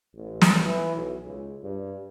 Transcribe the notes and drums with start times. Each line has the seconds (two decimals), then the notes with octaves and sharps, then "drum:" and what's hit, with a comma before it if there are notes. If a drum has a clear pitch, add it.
0.15 A1
0.42 drum: snare
0.65 E3
0.95 B1
1.26 C#2
1.63 G2